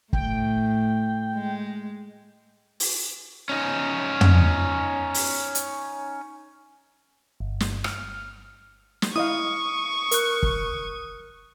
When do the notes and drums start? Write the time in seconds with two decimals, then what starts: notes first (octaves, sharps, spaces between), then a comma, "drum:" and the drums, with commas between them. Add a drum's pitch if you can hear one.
0.13 A2 G5, drum: kick
1.34 G#3
2.80 drum: open hi-hat
3.49 C#4 D#4
4.21 drum: tom
5.14 drum: open hi-hat
5.55 drum: hi-hat
7.40 G1
7.60 drum: snare
7.84 F6, drum: rim click
9.02 drum: snare
9.16 E4 D#5 F5 C#6 D#6
10.11 A#4 F#6, drum: hi-hat
10.43 drum: kick